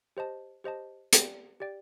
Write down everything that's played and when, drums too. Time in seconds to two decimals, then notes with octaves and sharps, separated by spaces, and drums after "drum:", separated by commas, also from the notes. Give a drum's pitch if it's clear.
0.17 G4 C5 D#5 A5
0.64 G4 C5 D#5 A5
1.13 G4 D5 G5, drum: hi-hat
1.60 G4 D5 G5